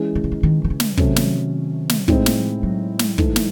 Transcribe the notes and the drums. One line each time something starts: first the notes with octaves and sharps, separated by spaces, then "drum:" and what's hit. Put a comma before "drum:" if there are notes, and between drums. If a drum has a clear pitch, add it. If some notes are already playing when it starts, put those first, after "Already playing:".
Already playing: E3 G#3 C#4 G#4
D#3
C#3
D#3
D#3
D#3
C#3
drum: snare
C3 D#3 F#3 A3 C#4, drum: kick
drum: snare
drum: snare
A2 G#3 C4 D#4, drum: kick
drum: snare
F#3
drum: snare
G#2 E3 A3 D#4, drum: kick
drum: snare